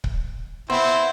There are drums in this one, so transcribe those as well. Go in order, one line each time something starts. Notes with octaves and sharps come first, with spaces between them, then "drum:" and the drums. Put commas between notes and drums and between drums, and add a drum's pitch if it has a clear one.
drum: kick C#1
B3 C4 E4 C5